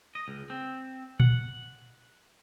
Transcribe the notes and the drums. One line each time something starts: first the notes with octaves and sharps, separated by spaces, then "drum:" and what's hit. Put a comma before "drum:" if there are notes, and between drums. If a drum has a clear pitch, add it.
D#5
C#2
C4
F#5, drum: tom A#2